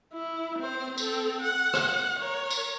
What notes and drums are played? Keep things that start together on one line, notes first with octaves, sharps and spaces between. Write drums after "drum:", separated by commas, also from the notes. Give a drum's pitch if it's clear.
E4
C4 C5
C4 A4, drum: tambourine
F#5
drum: rim click
A#4 C#5
drum: tambourine